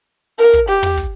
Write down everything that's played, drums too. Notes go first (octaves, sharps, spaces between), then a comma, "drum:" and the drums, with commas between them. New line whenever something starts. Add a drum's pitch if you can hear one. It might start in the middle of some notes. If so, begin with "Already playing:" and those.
A#4, drum: hi-hat
drum: kick, hi-hat
G4, drum: hi-hat
drum: tom
drum: kick, open hi-hat